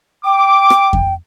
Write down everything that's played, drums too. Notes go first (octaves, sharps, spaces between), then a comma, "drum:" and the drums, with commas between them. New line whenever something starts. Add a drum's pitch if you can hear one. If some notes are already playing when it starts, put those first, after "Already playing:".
G5 D6
drum: rim click
drum: kick F2